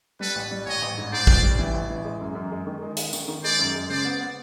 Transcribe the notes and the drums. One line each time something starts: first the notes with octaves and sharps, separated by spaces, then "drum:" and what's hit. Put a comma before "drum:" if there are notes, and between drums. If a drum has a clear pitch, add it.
G3 A4 B4
A1
G3
A1 C#5 D#5
A1
G#2
G#2 C5 D5
A1, drum: kick A1
G3
E3
A1
E3
G#3
F#2
F#2
G#3
D#3
G#3
G#3, drum: hi-hat
D#3, drum: tambourine
D#3
G#3 C5 D5
F#2
G#3
C#3 C5 D5
B3
B3